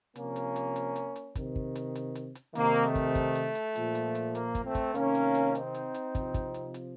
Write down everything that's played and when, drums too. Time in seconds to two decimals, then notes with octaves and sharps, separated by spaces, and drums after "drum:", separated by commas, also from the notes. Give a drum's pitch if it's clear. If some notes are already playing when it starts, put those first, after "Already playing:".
0.16 C3 F3 A#3 C#4, drum: hi-hat
0.36 drum: hi-hat
0.56 drum: hi-hat
0.76 drum: hi-hat
0.96 drum: hi-hat
1.16 drum: hi-hat
1.35 C3 D#3, drum: kick, hi-hat
1.56 drum: kick
1.76 drum: hi-hat
1.95 drum: hi-hat
2.15 drum: hi-hat
2.35 drum: hi-hat
2.55 C3 D#3 A#3, drum: hi-hat
2.75 drum: hi-hat
2.85 A3
2.95 drum: kick, hi-hat
3.15 drum: kick, hi-hat
3.35 drum: hi-hat
3.55 drum: hi-hat
3.75 A#2 F3, drum: hi-hat
3.95 drum: hi-hat
4.15 drum: hi-hat
4.35 A#3, drum: hi-hat
4.55 drum: kick, hi-hat
4.64 A3 C4
4.75 drum: kick, hi-hat
4.95 C3 D#3 A#3 C#4, drum: hi-hat
5.15 drum: hi-hat
5.35 drum: hi-hat
5.55 C4 D#4, drum: hi-hat
5.75 drum: hi-hat
5.94 drum: hi-hat
6.15 C3 F3, drum: kick, hi-hat
6.34 drum: kick, hi-hat
6.54 drum: hi-hat
6.74 drum: hi-hat